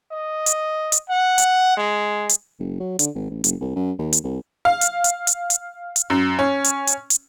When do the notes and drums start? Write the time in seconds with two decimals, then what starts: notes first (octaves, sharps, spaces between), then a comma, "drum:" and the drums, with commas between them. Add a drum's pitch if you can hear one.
0.11 D#5
0.46 drum: hi-hat
0.92 drum: hi-hat
1.09 F#5
1.38 drum: hi-hat
1.77 G#3
2.29 drum: hi-hat
2.60 F#1
2.80 F#3
2.99 D3, drum: hi-hat
3.15 G#1
3.31 A1
3.44 F#1, drum: hi-hat
3.60 C2
3.76 F#2
3.99 D#2
4.13 drum: hi-hat
4.24 C2
4.65 F5
4.81 drum: hi-hat
5.04 drum: hi-hat
5.27 drum: hi-hat
5.50 drum: hi-hat
5.96 drum: hi-hat
6.10 F#2
6.39 C#4
6.64 drum: hi-hat
6.87 drum: hi-hat
7.10 drum: hi-hat